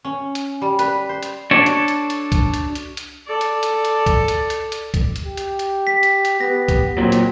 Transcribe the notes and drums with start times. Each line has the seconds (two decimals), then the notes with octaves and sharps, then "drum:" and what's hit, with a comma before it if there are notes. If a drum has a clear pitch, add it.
0.05 C#4
0.35 drum: hi-hat
0.62 G3
0.79 B4, drum: hi-hat
1.09 C5
1.23 drum: hi-hat
1.51 D4 F#4 A4 C#5 D5
1.66 drum: hi-hat
1.88 drum: hi-hat
2.10 drum: hi-hat
2.32 drum: kick C2, hi-hat
2.54 drum: hi-hat
2.75 drum: hi-hat
2.97 drum: hi-hat
3.27 A4 D5
3.41 drum: hi-hat
3.63 drum: hi-hat
3.85 drum: hi-hat
4.06 drum: kick C2, hi-hat
4.28 drum: hi-hat
4.50 drum: hi-hat
4.72 drum: hi-hat
4.94 drum: kick C2, hi-hat
5.16 drum: hi-hat
5.25 G4
5.37 drum: hi-hat
5.59 drum: hi-hat
5.87 B6
6.03 drum: hi-hat
6.25 drum: hi-hat
6.40 B3 G4 A#6
6.68 drum: kick C2, hi-hat
6.98 A#2 F#3 C4
7.12 drum: hi-hat